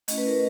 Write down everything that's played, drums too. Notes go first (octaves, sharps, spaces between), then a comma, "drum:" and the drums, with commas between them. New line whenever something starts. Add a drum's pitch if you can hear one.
A3 C#4 E4 D#5, drum: hi-hat
B4
A#4